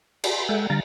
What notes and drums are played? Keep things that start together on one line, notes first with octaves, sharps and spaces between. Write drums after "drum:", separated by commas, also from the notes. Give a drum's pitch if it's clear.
B5 C6, drum: cymbal
G#3 A4 E5 F#5 G5
D3 G3 F5 A#5 A6